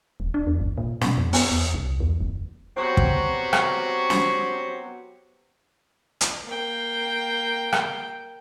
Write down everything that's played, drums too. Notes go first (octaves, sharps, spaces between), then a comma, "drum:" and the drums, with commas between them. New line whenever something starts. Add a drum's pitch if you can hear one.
D#1
D4
E2
G1
A#2
B2, drum: snare
F2
B3, drum: open hi-hat
E2
C2
E2
F#1
F#3 B3 C4 F#4 G4
drum: kick
drum: rim click
drum: snare
drum: hi-hat
A#3 G5
drum: rim click